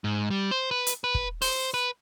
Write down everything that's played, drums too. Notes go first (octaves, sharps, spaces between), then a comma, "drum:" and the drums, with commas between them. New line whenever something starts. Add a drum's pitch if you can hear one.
G#2
G3
C5
B4
drum: hi-hat
B4
drum: kick
C5, drum: open hi-hat
B4